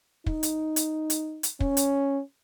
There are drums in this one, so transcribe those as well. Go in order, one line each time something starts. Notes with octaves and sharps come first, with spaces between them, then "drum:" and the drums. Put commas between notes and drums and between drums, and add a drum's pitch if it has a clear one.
D#4, drum: kick
drum: hi-hat
drum: hi-hat
drum: hi-hat
drum: hi-hat
C#4, drum: kick
drum: hi-hat